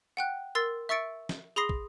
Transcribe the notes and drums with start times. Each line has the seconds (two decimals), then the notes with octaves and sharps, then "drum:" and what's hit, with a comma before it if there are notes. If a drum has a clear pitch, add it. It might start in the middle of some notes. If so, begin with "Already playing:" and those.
0.17 F#5 G5 F#6
0.55 A#4 C6 E6 A6 C7
0.89 E5 C#6 E6 A6 C#7 D7
1.29 drum: snare
1.56 G#4 B5 C6 D#6 A#6 C7
1.69 drum: kick